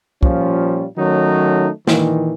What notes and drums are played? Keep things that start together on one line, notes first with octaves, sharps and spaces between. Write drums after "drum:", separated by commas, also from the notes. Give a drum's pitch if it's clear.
A#2 F3 G3 C#4 F4, drum: kick
D#3 F#3 A3 C#4 D#4
A#2 D#3 E3, drum: snare